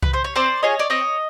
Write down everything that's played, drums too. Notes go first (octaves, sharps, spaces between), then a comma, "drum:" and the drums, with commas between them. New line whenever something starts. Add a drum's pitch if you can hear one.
B4, drum: kick C2
C5
C#5
C4 C5 D5
F4 G#4 C#5 D#5
D5
C4 C#5 D#5